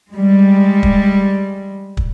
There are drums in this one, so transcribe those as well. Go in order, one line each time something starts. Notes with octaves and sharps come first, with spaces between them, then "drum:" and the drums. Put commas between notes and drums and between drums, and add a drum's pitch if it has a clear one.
G3 G#3
drum: kick
drum: kick